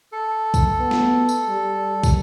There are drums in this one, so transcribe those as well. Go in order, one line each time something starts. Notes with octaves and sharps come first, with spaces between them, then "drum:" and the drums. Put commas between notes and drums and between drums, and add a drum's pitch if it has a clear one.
A4
drum: kick, tambourine
B3
drum: snare
drum: tambourine
G3
drum: kick, tambourine